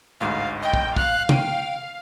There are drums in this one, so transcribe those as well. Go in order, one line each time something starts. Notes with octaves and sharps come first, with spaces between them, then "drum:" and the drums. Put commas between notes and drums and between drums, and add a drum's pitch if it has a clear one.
A1 D2 G#2 F5
D#5 G5
drum: kick
F5 F#6, drum: kick
G5 D7 D#7, drum: tom